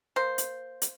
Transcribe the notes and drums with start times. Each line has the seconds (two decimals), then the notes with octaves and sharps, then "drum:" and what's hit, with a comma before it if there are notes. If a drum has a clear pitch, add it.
0.16 A#3 C5
0.38 drum: hi-hat
0.82 drum: hi-hat